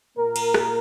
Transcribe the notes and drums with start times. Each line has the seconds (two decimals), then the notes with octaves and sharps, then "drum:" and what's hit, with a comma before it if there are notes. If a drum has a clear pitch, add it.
0.17 A#2 A#3 A#4
0.36 drum: cymbal
0.54 drum: rim click